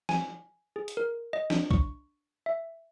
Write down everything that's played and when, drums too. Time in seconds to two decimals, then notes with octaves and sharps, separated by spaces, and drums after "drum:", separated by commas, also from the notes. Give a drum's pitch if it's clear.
0.09 G#5, drum: snare
0.76 G#4
0.88 drum: hi-hat
0.97 A#4
1.33 D#5
1.50 D4, drum: snare
1.71 C#6, drum: kick
2.46 E5